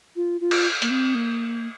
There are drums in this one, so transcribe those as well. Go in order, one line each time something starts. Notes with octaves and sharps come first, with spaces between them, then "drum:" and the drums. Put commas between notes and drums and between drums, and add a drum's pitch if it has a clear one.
F4
F4
drum: cymbal
A#3, drum: hi-hat
C4
A#3